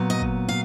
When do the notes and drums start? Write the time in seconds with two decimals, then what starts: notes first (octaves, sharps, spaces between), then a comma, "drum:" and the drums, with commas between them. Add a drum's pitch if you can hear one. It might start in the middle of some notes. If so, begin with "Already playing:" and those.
Already playing: A#2 F#3 B3
0.10 D#5
0.20 drum: kick
0.49 F5